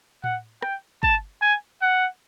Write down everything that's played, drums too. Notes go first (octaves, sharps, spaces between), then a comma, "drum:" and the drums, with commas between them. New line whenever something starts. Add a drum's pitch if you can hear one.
F#5, drum: tom A2
G5, drum: rim click
A5, drum: kick
G#5
F#5